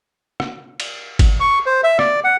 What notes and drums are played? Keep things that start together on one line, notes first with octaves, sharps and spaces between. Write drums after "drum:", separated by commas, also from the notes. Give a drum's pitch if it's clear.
drum: rim click
drum: cymbal
drum: kick G1, cymbal
C#6
C5
E5
D5, drum: rim click
F#5